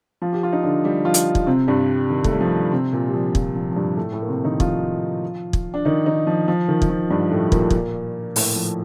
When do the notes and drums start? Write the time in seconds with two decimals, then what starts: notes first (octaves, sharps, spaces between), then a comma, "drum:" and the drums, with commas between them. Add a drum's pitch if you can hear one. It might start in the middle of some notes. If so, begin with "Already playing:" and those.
0.22 F3 F4
0.33 G4
0.43 F4
0.52 D#4
0.63 D3 D4
0.84 G3 G4
1.05 F3 F4
1.14 drum: hi-hat
1.35 drum: kick
1.47 C3 C4
1.68 G2 G3
2.10 D#3
2.24 A3, drum: kick
2.33 G3
2.41 F3
2.72 C3 C4
2.92 A#2 A#3
3.08 G3
3.14 F3
3.35 F3, drum: kick
3.56 F3
3.72 F3
3.76 G2 G3
3.97 A2 A3
4.13 A2 A3
4.23 A#3
4.29 C3 C4
4.44 D#3 D#4
4.60 F3 F4, drum: kick
5.53 drum: kick
5.74 D4
5.85 D#3 D#4
6.06 D#3 D#4
6.27 F3
6.48 F3
6.68 D#3
6.82 D#3, drum: kick
6.90 F3
7.10 G2 G3
7.31 A2 A3
7.52 A#2 A#3, drum: kick
7.70 drum: kick
8.36 A2 A3, drum: open hi-hat
8.56 F3